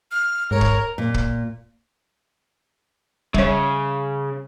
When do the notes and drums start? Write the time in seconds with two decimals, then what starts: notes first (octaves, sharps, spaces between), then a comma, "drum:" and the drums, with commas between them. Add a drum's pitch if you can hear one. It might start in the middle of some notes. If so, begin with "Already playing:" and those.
0.11 F6
0.51 G#2 A#4 C#5
0.61 drum: kick
0.98 A#2
1.14 drum: kick
3.34 C#3 G3 C#5, drum: kick